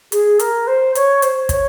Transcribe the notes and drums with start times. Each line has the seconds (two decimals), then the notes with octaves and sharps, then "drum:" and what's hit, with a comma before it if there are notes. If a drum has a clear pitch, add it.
0.12 G#4, drum: hi-hat
0.39 A#4, drum: hi-hat
0.67 C5
0.95 C#5, drum: hi-hat
1.22 C5, drum: hi-hat
1.49 C#5, drum: kick, hi-hat